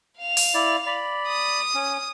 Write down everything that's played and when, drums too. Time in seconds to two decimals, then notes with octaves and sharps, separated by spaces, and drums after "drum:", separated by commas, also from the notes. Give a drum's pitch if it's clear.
0.20 F5 F7
0.37 drum: open hi-hat
0.54 E4 D5
0.86 D5 B5
1.28 D#6
1.74 C#4